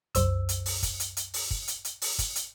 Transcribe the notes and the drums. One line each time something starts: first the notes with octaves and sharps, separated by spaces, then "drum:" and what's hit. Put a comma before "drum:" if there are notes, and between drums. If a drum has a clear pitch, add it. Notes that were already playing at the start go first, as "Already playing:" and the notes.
C2 F#2 C5 E6, drum: kick, hi-hat
drum: hi-hat
drum: open hi-hat
drum: kick, hi-hat
drum: hi-hat
drum: hi-hat
drum: open hi-hat
drum: kick
drum: hi-hat
drum: hi-hat
drum: open hi-hat
drum: kick, hi-hat
drum: hi-hat